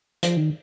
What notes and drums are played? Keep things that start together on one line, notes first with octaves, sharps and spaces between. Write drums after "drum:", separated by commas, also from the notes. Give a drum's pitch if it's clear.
F3, drum: hi-hat
D#3